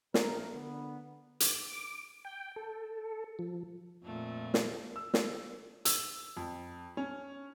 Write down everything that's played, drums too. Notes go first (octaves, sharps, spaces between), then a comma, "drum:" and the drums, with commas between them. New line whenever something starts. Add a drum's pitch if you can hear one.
A#1 F2 A#2 A3 A#4, drum: snare
D3 B3
D6, drum: hi-hat
G5
A4
F3
F2 A#2 A3
drum: snare
E6
drum: snare
E6, drum: hi-hat
F2
C#4